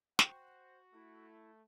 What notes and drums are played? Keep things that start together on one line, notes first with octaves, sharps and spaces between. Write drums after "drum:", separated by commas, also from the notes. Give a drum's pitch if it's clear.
F#4 C5 F#5 G5, drum: snare
A3 E4